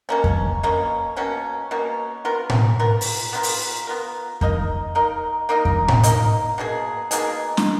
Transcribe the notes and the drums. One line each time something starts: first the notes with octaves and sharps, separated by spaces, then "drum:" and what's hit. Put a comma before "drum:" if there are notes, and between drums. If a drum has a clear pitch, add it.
B2 A#3 C#4
drum: kick F2
B2 A#3 C#4
B2 A#3 C#4
B2 A#3 C#4
B3 F4 A#4
drum: tom A2
B3 F4 A#4
drum: open hi-hat
B3 F4 A#4
drum: open hi-hat
B3 F4 A#4
A#3 D#4 A#4 D#5, drum: kick F2
A#3 D#4 A#4 D#5
A#3 D#4 A#4 D#5
drum: kick F2
drum: tom A2
A#3 D#4 A#4 D#5, drum: hi-hat
B2 A#3 D#4 G#4
B2 A#3 D#4 G#4, drum: hi-hat
drum: snare